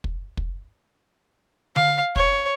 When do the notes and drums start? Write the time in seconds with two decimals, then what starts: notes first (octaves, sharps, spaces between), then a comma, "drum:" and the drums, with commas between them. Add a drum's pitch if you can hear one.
0.04 drum: kick
0.37 drum: kick
1.76 F5, drum: tom D3
2.16 C#5, drum: kick